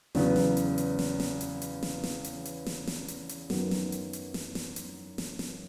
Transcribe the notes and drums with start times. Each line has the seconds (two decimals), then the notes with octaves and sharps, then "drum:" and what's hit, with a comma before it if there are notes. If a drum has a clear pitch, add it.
0.15 E2 C#3 F#3 B3, drum: snare
0.36 drum: snare
0.57 drum: hi-hat
0.78 drum: hi-hat
0.99 drum: snare
1.20 drum: snare
1.41 drum: hi-hat
1.62 drum: hi-hat
1.83 drum: snare
2.04 drum: snare
2.24 drum: hi-hat
2.45 drum: hi-hat
2.66 drum: snare
2.87 drum: snare
3.08 drum: hi-hat
3.29 drum: hi-hat
3.50 F#2 D#3 F#3 B3, drum: snare
3.71 drum: snare
3.92 drum: hi-hat
4.13 drum: hi-hat
4.34 drum: snare
4.55 drum: snare
4.76 drum: hi-hat
5.18 drum: snare
5.39 drum: snare